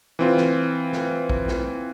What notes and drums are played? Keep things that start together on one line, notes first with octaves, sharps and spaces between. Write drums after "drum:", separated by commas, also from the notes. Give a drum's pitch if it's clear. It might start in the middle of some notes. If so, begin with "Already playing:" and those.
E3 C4 F4
drum: snare
drum: snare
drum: kick
drum: snare